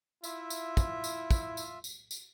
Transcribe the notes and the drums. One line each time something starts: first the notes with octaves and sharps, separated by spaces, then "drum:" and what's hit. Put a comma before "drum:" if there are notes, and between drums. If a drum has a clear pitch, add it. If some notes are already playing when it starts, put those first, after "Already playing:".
E4 F4 E5, drum: tambourine
drum: tambourine
drum: kick, tambourine
drum: tambourine
drum: kick, tambourine
drum: tambourine
drum: tambourine
drum: tambourine